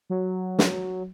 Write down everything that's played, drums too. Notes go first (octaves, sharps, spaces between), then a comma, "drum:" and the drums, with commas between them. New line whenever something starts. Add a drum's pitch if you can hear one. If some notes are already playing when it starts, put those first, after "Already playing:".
F#3
drum: snare